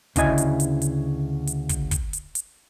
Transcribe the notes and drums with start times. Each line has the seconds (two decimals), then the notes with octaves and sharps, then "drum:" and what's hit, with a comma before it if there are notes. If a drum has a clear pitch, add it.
0.16 D2 C#3 E4 D#5 G#5, drum: kick, hi-hat
0.38 drum: hi-hat
0.60 drum: hi-hat
0.82 drum: hi-hat
1.47 drum: hi-hat
1.69 drum: kick, hi-hat
1.91 drum: kick, hi-hat
2.13 drum: hi-hat
2.35 drum: hi-hat